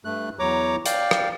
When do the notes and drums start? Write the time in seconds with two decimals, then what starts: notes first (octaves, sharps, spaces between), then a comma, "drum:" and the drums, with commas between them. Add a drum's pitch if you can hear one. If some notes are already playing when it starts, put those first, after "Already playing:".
0.05 G2 A3 F#6
0.39 E2 F#3 C#5 A#5 D6
0.86 D5 F5 G5, drum: hi-hat
1.11 drum: rim click